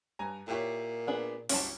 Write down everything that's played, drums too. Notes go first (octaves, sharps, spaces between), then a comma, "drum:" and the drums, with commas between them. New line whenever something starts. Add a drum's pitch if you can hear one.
G2 G#5 A#5
A#2 E4 G4 C#5
B3 D4 G#4
F#1 C2 F#3 C#4 A5, drum: open hi-hat